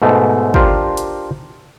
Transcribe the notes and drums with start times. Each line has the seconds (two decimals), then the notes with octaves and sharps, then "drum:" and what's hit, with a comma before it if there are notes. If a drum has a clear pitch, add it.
0.02 G#2 B2 A3
0.54 D4 F4 G4 A#4 C5, drum: kick
0.97 drum: hi-hat